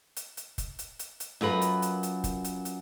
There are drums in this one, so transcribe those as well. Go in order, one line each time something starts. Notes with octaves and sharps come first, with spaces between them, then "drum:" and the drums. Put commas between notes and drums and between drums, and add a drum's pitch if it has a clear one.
drum: hi-hat
drum: hi-hat
drum: kick F1, hi-hat
drum: hi-hat
drum: hi-hat
drum: hi-hat
F#2 F4 A#4 B4, drum: snare
drum: hi-hat
drum: hi-hat
drum: hi-hat
drum: kick F1, hi-hat
drum: hi-hat
drum: hi-hat